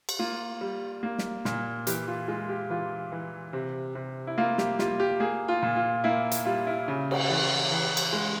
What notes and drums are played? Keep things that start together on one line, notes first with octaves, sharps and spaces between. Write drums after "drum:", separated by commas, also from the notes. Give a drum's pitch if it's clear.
drum: cymbal
A#3 F4
G3
A#3
drum: snare
A#2, drum: snare
E3 G4, drum: hi-hat
F4
G#3 F4
G4
E3 F4
E3
C3
C3
E4
A#3 F4
G4, drum: snare
G3 F4, drum: snare
G4
A#3 G#4
F4
A#2
F4
A#3 E4
drum: hi-hat
G3 F4
E4
C#3
drum: cymbal
E3
E3
drum: cymbal
G#3